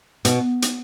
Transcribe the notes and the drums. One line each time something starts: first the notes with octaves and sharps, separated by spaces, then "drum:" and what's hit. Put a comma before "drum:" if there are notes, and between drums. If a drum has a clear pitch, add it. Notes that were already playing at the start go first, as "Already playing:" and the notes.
B2, drum: hi-hat
drum: hi-hat